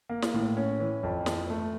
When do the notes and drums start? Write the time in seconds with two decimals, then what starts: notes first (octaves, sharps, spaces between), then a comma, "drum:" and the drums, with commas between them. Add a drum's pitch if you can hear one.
0.09 A#3
0.22 drum: snare
0.34 A2
0.57 C#4
0.80 E3
1.03 F2
1.26 E3, drum: snare
1.50 A3